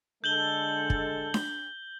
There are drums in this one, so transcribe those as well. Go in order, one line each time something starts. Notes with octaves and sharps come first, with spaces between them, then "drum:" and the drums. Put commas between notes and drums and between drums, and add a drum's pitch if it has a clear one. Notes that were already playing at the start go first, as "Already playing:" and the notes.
D3 G#3 A4 G6 F#7 G7
drum: kick
drum: snare D4